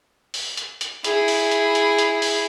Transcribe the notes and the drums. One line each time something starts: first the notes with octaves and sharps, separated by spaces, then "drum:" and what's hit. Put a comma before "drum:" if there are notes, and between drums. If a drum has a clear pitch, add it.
drum: open hi-hat
drum: hi-hat
drum: hi-hat
E4 G#4, drum: hi-hat
drum: open hi-hat
drum: hi-hat
drum: hi-hat
drum: hi-hat
drum: open hi-hat